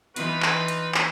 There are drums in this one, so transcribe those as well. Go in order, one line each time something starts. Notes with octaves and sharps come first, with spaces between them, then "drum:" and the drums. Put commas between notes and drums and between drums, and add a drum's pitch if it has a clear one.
E3 D#4 F4 B4, drum: hi-hat
drum: clap
drum: hi-hat
drum: clap